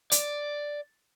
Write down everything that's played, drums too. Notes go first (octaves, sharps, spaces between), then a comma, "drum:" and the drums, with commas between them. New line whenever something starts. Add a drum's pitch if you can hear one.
D5, drum: hi-hat